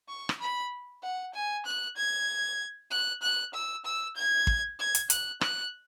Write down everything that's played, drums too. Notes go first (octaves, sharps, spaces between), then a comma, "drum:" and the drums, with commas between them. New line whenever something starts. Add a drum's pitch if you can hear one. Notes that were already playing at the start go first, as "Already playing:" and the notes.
C#6
drum: rim click
B5
F#5
G#5
F#6
G#6
F#6
F#6
E6
E6
G#6
drum: kick
G#6
drum: hi-hat
F#6, drum: hi-hat
F#6, drum: rim click